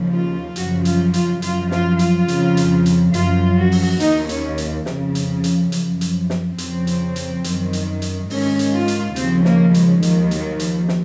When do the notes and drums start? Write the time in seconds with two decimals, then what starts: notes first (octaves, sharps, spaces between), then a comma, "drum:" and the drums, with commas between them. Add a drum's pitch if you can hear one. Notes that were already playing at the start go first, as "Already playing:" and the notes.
Already playing: D#2 C#3 F3
0.14 F4
0.56 F#2 C#3 F3 F#4, drum: hi-hat
0.85 F4, drum: hi-hat
1.14 F4, drum: hi-hat
1.42 F#2 F3 F4, drum: hi-hat
1.71 F4, drum: snare
1.99 F4, drum: hi-hat
2.28 F2 C#3 F3, drum: hi-hat
2.57 drum: hi-hat
2.86 drum: hi-hat
3.14 F#2 F3 F4, drum: hi-hat
3.57 F#4
3.72 drum: open hi-hat
4.00 D#2 D#3 D#4, drum: hi-hat
4.29 C#4, drum: hi-hat
4.58 drum: hi-hat
4.86 F2 C#3 F3, drum: snare
5.15 drum: hi-hat
5.44 drum: hi-hat
5.72 F#2 F3, drum: hi-hat
6.01 drum: hi-hat
6.30 drum: snare
6.58 F2 C#3 F3 C4, drum: hi-hat
6.87 drum: hi-hat
7.16 drum: hi-hat
7.44 F#2 D#3, drum: hi-hat
7.73 drum: hi-hat
8.02 drum: hi-hat
8.30 G#2 D#3 C#4, drum: open hi-hat
8.59 drum: hi-hat
8.74 F4
8.88 drum: hi-hat
9.16 D#2 C#3 F3 C4, drum: hi-hat
9.45 A#3, drum: snare
9.74 G#3, drum: hi-hat
10.02 D#2 D#3 F3, drum: hi-hat
10.31 F#3, drum: hi-hat
10.60 F3, drum: hi-hat
10.88 drum: snare